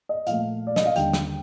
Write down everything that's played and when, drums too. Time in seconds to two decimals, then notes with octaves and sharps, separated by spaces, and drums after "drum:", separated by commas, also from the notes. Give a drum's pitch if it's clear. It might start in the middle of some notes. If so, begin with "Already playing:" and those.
0.09 D#5
0.27 A#2 F3 A3 F5, drum: hi-hat
0.67 D5
0.76 D#5, drum: snare
0.86 F5
0.96 D#2 D3 G3 G5, drum: hi-hat
1.13 drum: snare